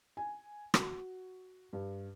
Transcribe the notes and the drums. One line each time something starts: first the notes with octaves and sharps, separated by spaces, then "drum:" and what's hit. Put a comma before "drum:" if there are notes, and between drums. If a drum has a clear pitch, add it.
G#5
F#4, drum: rim click
G2